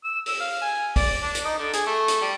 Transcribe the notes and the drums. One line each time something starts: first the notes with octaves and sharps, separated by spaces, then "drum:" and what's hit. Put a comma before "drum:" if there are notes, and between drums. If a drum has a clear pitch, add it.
E6
E6, drum: open hi-hat
F5
G#5
D5, drum: kick, open hi-hat
D4
drum: hi-hat
D#4
D3
G#4, drum: hi-hat
A3
drum: hi-hat
G3